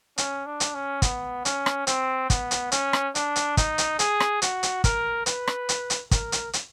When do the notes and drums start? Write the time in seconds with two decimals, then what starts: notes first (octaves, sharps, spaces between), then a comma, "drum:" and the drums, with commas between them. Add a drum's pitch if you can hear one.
0.18 C#4, drum: hi-hat
0.46 D4
0.60 drum: hi-hat
0.74 C#4
1.02 B3, drum: kick, hi-hat
1.45 C#4, drum: hi-hat
1.66 drum: rim click
1.87 C4, drum: hi-hat
2.30 B3, drum: kick, hi-hat
2.51 drum: hi-hat
2.72 C#4, drum: hi-hat
2.93 drum: rim click
3.15 D4, drum: hi-hat
3.36 drum: hi-hat
3.57 D#4, drum: kick, hi-hat
3.78 drum: hi-hat
3.99 G#4, drum: hi-hat
4.20 drum: rim click
4.42 F#4, drum: hi-hat
4.63 drum: hi-hat
4.84 A#4, drum: kick, hi-hat
5.26 B4, drum: hi-hat
5.47 drum: rim click
5.69 drum: hi-hat
5.90 drum: hi-hat
6.11 A#4, drum: kick, hi-hat
6.32 drum: hi-hat
6.53 drum: hi-hat